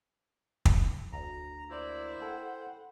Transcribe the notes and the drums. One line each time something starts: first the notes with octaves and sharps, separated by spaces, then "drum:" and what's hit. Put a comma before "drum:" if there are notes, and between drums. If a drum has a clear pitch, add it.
drum: kick
D2 A#5
A#3 E4 C5 D5
A4 F#5 G5